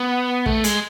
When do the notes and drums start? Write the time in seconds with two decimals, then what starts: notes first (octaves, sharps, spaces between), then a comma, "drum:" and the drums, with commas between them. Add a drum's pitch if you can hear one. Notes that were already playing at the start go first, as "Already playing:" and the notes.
Already playing: B3
0.46 A3, drum: kick
0.64 G#3, drum: hi-hat